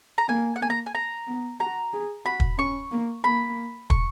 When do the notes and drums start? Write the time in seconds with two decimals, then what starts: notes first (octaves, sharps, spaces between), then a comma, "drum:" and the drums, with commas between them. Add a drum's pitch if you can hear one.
0.18 A#5
0.29 A#3 G#5
0.56 F#5
0.61 A#3 G#5
0.70 A#5
0.86 G#5
0.95 A#5
1.27 B3
1.60 F#4 A#5
1.93 G#4
2.25 F#4 B5
2.40 drum: kick
2.58 C#4 C#6
2.91 A#3
3.24 A#3 B5
3.90 C#6, drum: kick